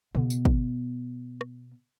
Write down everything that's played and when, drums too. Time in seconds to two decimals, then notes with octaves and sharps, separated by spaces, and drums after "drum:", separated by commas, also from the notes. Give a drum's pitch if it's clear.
0.15 B2 B3, drum: tom C#3
0.30 drum: tambourine
0.45 drum: kick
1.41 drum: rim click